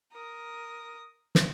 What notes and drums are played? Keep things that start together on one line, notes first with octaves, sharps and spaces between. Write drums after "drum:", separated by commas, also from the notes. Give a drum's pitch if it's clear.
A#4 D#6
drum: snare